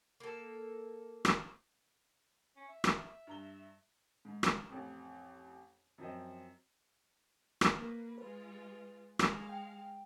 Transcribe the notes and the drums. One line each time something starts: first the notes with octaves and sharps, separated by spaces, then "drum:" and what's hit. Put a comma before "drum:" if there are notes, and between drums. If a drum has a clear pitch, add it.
A#3 A4
drum: rim click
C#4
E5
drum: rim click
G2 A#5 G7
G#2
drum: rim click
A1 F2
F#2 F3 C4 D#5
drum: rim click
A#3 B4
G#3 F4 B4
G#3 F5, drum: rim click
G5